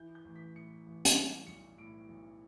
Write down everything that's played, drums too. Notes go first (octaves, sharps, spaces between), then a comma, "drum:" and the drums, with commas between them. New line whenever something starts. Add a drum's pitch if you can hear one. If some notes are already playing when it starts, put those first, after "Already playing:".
Already playing: E3 E4 G6
G6
A1
B6
A2 C#7
A1
drum: hi-hat
G3 C#7
B1 C#7
A2 D7
B1